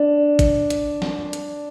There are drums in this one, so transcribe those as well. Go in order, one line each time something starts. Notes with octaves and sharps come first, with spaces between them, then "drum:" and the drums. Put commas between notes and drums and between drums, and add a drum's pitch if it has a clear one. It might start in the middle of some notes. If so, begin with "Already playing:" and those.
Already playing: D4
drum: kick G#1, hi-hat
drum: hi-hat
drum: snare
drum: hi-hat